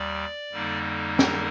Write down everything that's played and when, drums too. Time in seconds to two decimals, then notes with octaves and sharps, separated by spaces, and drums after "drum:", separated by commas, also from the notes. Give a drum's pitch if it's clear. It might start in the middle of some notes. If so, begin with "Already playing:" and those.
Already playing: D#2 G3 D5
0.51 F2 D3 G3 A#3 D#4
1.19 A#4, drum: snare